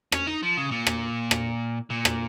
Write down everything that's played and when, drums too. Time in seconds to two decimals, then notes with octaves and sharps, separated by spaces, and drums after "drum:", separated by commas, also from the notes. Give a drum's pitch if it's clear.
0.12 C#4, drum: rim click
0.27 D#4
0.43 F3
0.57 C#3
0.71 A#2
0.87 drum: rim click
1.31 drum: rim click
1.90 A#2
2.05 drum: rim click